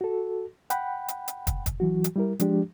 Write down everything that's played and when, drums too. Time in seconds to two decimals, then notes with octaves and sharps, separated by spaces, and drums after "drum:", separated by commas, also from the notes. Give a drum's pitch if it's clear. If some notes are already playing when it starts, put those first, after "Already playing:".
0.01 F#4 A4
0.70 F#5 G5 B5, drum: hi-hat
1.08 drum: hi-hat
1.28 drum: hi-hat
1.47 drum: kick, hi-hat
1.66 drum: kick, hi-hat
1.80 E3 F#3 F#4
2.04 drum: hi-hat
2.16 G3 E4 A#4
2.40 F3 G#3 D4 G4, drum: hi-hat